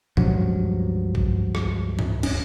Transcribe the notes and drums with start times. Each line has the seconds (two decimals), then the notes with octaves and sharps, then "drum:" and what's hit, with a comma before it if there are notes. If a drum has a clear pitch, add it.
0.17 C#2 G2 F3 F#3, drum: tom A#2
1.15 drum: kick A1
1.55 drum: rim click
1.99 drum: tom G#2
2.23 D1 C#4, drum: cymbal